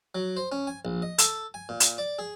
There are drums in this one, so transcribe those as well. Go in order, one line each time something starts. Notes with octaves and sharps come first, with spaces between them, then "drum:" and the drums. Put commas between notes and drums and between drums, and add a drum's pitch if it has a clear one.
F#3
C5
C#4
G#5
A#1
D#5
A4, drum: hi-hat
G#5
A#2
drum: hi-hat
D5
G#4